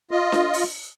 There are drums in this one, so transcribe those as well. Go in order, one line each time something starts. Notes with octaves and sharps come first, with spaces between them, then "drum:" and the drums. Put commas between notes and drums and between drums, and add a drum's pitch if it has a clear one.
F4 D#5
drum: snare D4
drum: open hi-hat